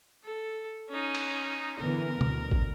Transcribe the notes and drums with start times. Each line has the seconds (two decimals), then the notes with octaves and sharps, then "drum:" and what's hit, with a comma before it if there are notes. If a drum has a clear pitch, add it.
0.24 A4
0.90 C#4 D#4
1.15 drum: cymbal
1.80 D3 E3 B3 A#4
2.21 D2 B2, drum: tom
2.51 drum: kick A1